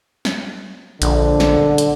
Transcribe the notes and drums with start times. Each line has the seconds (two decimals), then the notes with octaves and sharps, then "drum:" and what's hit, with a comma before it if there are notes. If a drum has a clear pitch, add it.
0.25 drum: snare
1.02 A#1 D3, drum: hi-hat
1.40 drum: snare
1.78 drum: hi-hat